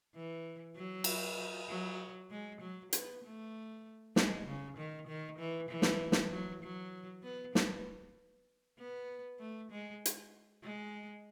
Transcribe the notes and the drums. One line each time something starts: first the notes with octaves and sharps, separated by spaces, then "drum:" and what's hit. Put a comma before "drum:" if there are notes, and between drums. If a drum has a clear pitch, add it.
E3
F#3
drum: cymbal
F#3
G#3
F#3
B3, drum: hi-hat
A3
G#3, drum: snare
C#3
D#3
D#3
E3
E3
drum: snare
drum: snare
F#3
F#3
B3
B3, drum: snare
B3
A3
G#3
drum: hi-hat
G#3